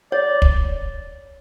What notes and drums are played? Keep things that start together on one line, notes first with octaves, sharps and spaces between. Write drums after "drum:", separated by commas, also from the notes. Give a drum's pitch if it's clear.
C#5 D5
drum: kick